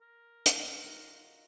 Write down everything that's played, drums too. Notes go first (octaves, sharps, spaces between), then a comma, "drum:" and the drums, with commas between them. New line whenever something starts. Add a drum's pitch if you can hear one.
A#4
drum: hi-hat
D#4 F4 F#4